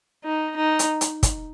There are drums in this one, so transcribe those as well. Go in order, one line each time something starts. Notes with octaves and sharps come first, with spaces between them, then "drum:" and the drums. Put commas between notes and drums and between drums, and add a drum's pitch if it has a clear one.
D#4
D#4
drum: hi-hat
drum: hi-hat
drum: kick, hi-hat